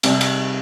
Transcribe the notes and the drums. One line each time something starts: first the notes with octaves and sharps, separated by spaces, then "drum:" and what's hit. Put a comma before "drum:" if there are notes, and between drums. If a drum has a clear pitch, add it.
C2 C3, drum: cymbal
drum: cymbal